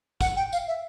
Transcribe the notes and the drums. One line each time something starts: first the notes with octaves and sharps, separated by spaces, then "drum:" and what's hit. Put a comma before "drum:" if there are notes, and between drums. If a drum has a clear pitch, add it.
F#5, drum: kick, tambourine
G5
F5, drum: tambourine
E5